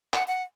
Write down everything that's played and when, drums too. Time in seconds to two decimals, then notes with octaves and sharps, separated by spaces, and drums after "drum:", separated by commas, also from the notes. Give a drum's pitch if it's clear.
0.14 F#5, drum: clap
0.28 F#5